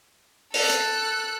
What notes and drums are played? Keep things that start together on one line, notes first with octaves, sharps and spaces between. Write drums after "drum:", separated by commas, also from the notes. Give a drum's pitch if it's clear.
A4 F#6, drum: open hi-hat
drum: hi-hat